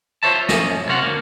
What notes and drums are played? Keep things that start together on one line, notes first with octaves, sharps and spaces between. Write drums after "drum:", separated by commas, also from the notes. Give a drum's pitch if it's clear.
F4 G#4 C5 C#5 E5 A5
F3 C#4 D#5, drum: snare A#4
F#2
C3 C#4 F#4 C5 F5 F#5
D2 G2 A#3